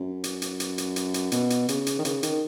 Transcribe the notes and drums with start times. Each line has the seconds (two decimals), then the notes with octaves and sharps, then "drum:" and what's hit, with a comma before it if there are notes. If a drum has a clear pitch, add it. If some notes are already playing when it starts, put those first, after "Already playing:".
Already playing: F#2
0.24 drum: hi-hat
0.42 drum: hi-hat
0.60 drum: hi-hat
0.78 drum: hi-hat
0.96 drum: hi-hat
1.14 drum: hi-hat
1.32 B2, drum: hi-hat
1.50 drum: hi-hat
1.68 C#3, drum: hi-hat
1.86 drum: hi-hat
1.99 D#3
2.05 C#3, drum: hi-hat
2.23 D#3, drum: hi-hat